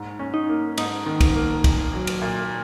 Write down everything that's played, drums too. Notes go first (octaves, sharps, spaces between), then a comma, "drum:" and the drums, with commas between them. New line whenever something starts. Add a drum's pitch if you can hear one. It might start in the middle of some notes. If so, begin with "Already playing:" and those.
Already playing: G#2
C#4
D#4
A#3
G#2 D#4, drum: cymbal
D#3
drum: kick, cymbal
A#3
A#2, drum: kick, cymbal
F#3
drum: cymbal
A#2